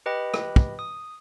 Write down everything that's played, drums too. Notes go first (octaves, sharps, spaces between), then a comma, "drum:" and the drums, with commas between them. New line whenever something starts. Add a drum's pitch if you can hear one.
G4 B4 D#5 G5 B5
drum: rim click
drum: kick
D#6